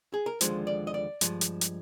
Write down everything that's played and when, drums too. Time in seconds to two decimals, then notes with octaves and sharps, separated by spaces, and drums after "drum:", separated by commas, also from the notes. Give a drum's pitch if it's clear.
0.14 G#4
0.26 A#4
0.41 D#2 D3 F3 G#3 C5, drum: hi-hat
0.67 D5
0.87 D#5
0.94 D5
1.21 G2 F3 G#3, drum: hi-hat
1.41 drum: hi-hat
1.61 drum: hi-hat